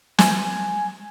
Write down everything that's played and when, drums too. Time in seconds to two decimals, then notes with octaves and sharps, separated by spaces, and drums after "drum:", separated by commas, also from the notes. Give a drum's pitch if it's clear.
0.19 G#5, drum: snare